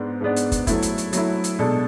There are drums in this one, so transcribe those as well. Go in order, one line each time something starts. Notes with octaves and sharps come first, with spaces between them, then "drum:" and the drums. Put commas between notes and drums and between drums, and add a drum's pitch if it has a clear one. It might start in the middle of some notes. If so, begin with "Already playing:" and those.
Already playing: G#2 G#3 B3 D4
G#2 G#3 B3 D4
drum: hi-hat
drum: kick, hi-hat
F#3 A3 E4, drum: kick, hi-hat
drum: hi-hat
drum: hi-hat
F#3 A3 E4, drum: hi-hat
drum: hi-hat
B2 G#3 D4 A4